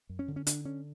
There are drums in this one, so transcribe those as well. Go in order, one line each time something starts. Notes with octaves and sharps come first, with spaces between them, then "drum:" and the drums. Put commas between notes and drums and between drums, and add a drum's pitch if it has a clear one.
F#2
C#4
D3
C#4
D3 D4, drum: hi-hat
D3 C#4